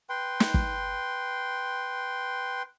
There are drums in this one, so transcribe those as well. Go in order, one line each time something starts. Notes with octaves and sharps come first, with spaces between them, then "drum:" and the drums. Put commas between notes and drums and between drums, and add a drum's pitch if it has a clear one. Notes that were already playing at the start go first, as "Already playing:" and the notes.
B4 G5 C6
drum: snare
drum: kick